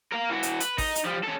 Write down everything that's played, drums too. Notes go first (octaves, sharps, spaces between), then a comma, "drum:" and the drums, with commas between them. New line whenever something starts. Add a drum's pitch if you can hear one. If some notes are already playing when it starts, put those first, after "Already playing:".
A#4 F5
E3 F#4
drum: hi-hat
B4, drum: hi-hat
D#4, drum: kick G#1, open hi-hat
drum: hi-hat
F3 G3
C#4 A4